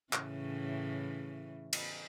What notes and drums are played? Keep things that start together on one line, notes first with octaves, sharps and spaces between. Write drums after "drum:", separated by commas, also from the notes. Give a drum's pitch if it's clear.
A2 C#3 E3, drum: clap
drum: cymbal